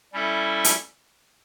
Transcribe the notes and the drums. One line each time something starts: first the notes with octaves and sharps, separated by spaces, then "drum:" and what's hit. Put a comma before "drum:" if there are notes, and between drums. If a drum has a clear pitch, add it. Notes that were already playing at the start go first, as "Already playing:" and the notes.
G3 C#4 E4 A4 E5
drum: hi-hat